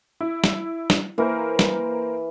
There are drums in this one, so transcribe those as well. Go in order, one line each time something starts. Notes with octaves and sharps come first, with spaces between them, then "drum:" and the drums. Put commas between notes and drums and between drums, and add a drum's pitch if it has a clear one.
E4
drum: snare
drum: snare
E3 A#3 A#4 C5
drum: snare